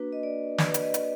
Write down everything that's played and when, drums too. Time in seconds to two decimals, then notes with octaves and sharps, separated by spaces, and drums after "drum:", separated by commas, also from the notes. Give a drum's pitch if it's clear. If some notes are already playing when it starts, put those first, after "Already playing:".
Already playing: A#3 D4 F#4 B4
0.12 D#5
0.23 D5
0.58 D5, drum: snare
0.66 B4
0.74 D5, drum: hi-hat
0.82 D#5
0.94 drum: hi-hat